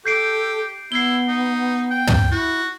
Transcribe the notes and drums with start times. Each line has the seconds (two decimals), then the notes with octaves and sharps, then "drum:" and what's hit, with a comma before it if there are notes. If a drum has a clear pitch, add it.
0.06 G4 A4 G6 C7 D7
0.92 B3 E4 C7 G7
1.28 D#4
1.91 G5
2.07 drum: tom
2.32 E4 F#4